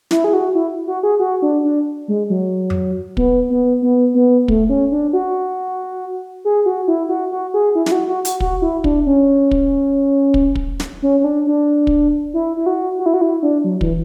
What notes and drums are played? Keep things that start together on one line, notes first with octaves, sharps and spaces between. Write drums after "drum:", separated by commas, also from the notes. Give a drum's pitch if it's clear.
E4, drum: snare
G#4
F#4
E4
F#4
G#4
F#4
D4
D4
G#3
F#3
drum: tom F2
B3, drum: kick
B3
B3
B3
A3, drum: kick
C#4
D4
F#4
G#4
F#4
E4
F#4
F#4
G#4
E4
E4, drum: snare
F#4
F#4
F#4, drum: hi-hat
F#4, drum: kick
E4
D4, drum: kick
C#4
drum: kick
drum: kick
drum: kick
drum: snare
C#4
C#4
D4
D4
drum: kick
E4
E4
F#4
F#4
E4
F#4
E4
D4
F#3
E3, drum: kick